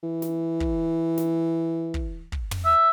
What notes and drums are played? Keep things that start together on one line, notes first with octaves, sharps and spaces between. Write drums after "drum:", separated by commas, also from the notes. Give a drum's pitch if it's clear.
E3
drum: snare
drum: kick
drum: snare
drum: kick
drum: kick
drum: tom
E5